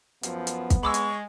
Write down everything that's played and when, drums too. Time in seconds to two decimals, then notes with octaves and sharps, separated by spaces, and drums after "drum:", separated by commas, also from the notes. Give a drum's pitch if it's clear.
0.23 F#2 F3 B3, drum: hi-hat
0.47 drum: hi-hat
0.70 drum: kick, hi-hat
0.83 G#3 B5 C#6 D6 E6
0.94 drum: hi-hat